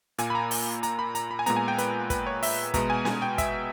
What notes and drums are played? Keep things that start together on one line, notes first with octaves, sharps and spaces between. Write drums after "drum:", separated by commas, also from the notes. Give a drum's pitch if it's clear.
A#2 A#3 G#5, drum: hi-hat
B5
A#5
drum: open hi-hat
A#5, drum: hi-hat
B5
A#5, drum: hi-hat
B5
G#5
A#2 G#3 B3 A#5, drum: hi-hat
G#5
G5
B4, drum: hi-hat
B4, drum: kick, hi-hat
C#5
E5, drum: open hi-hat
B2 G#3 B3 A#5, drum: kick, hi-hat
G#5
G#5, drum: snare
G5
E5, drum: kick, hi-hat